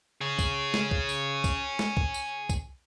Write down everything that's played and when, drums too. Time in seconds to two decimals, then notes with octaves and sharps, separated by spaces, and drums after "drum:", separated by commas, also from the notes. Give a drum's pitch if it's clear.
0.21 G#4 C#5
0.39 drum: kick, tambourine
0.74 drum: snare
0.91 drum: kick
1.09 drum: tambourine
1.44 drum: kick, tambourine
1.79 drum: snare
1.97 drum: kick
2.14 drum: tambourine
2.49 drum: kick, tambourine